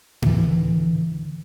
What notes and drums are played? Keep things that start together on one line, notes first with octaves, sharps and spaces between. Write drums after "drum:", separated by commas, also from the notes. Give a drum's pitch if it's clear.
D3 E3, drum: tom G#2